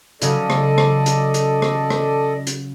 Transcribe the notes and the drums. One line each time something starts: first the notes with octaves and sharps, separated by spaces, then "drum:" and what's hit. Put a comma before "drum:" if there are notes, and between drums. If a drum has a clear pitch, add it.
C#3 F#3 C#4 A4 D5 D#5, drum: hi-hat
drum: rim click
drum: rim click
drum: hi-hat
drum: hi-hat
drum: rim click
drum: rim click
drum: hi-hat